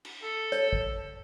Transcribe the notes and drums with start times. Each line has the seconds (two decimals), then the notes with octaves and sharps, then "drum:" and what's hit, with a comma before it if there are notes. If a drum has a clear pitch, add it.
0.05 drum: cymbal
0.23 A4
0.52 C#5, drum: hi-hat
0.73 drum: kick